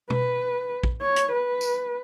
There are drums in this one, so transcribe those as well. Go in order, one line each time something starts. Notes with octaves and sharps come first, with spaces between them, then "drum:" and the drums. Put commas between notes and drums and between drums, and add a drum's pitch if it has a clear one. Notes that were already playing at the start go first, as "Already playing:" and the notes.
B4, drum: tom B2
drum: kick
C#5
drum: hi-hat
B4
drum: tambourine